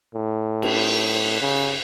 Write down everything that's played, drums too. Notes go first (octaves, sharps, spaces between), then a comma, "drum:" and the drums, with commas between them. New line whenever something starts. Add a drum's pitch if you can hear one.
A2
drum: cymbal
C#3